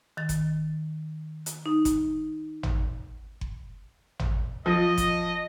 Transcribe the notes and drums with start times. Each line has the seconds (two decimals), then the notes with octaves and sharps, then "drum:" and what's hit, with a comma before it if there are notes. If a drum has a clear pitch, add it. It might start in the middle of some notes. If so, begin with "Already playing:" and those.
0.17 D#3 A6
0.29 drum: kick F#1, hi-hat
1.46 drum: hi-hat
1.66 D#4
1.85 drum: kick F#1, hi-hat
2.63 drum: tom G#1
3.41 drum: kick F#1
4.19 drum: tom G#1
4.66 F3 D#5
4.97 drum: kick F#1, hi-hat